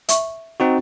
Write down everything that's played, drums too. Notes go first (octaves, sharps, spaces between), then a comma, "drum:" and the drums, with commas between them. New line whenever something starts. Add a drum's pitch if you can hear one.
E5 C#6, drum: hi-hat
C4 D#4 F#4